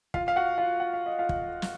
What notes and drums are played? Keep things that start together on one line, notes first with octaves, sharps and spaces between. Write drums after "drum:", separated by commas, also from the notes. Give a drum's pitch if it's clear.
F4 F5, drum: kick
F5
F#4 F#5
F4 F5
F#5
F5
D#5
F4 F5
drum: kick
drum: snare